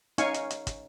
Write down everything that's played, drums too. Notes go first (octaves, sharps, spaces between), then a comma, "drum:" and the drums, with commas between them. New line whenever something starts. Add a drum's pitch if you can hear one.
C#4 D#4 F5 G#5 C#6, drum: hi-hat
drum: hi-hat
drum: hi-hat
drum: kick, hi-hat